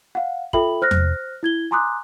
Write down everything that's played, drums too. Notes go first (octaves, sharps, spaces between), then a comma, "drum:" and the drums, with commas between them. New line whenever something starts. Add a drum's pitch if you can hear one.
F5 F#5
F4 A4 E5 G5 B5 F#7, drum: kick
C5 F6 F#6 A#6
drum: tom E2
E4 G#6 G7
G#5 A#5 C6 D6 D#6 F#6